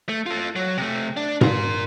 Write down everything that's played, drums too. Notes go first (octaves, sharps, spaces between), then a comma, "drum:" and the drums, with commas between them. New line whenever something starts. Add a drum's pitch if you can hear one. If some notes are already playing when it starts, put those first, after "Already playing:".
A3
F4 A4
F#3
C3 A3
D4
A#4 C6, drum: tom G#2